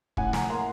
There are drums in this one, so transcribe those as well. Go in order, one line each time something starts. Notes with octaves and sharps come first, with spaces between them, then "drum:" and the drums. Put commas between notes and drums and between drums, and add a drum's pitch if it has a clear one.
A2 F#5 G#5, drum: kick
G#5 A#5, drum: snare
A#3 A#5 C6